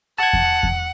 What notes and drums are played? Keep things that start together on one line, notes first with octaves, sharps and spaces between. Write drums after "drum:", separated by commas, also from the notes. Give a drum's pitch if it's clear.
F#5 A5 G#6
drum: kick E2
drum: kick E2